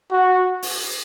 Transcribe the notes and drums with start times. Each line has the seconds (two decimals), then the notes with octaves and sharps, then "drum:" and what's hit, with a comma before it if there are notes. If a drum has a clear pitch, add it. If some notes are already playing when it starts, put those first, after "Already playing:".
0.11 F#4
0.62 drum: open hi-hat